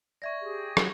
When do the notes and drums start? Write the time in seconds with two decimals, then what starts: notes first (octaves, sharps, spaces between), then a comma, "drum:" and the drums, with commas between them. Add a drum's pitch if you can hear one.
0.22 D5 E5 C#6 G#6 A#6
0.41 G4 G#4
0.77 F#3, drum: rim click